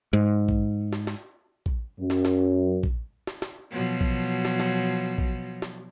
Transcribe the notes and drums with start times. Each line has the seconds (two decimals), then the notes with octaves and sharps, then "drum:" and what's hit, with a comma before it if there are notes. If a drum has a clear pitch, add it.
0.13 G#2
0.49 drum: kick
0.93 drum: snare
1.07 drum: snare
1.66 drum: kick
2.00 F#2
2.10 drum: snare
2.25 drum: snare
2.83 drum: kick
3.27 drum: snare
3.42 drum: snare
3.71 B2 F3 F#3
4.01 drum: kick
4.45 drum: snare
4.60 drum: snare
5.18 drum: kick
5.62 drum: snare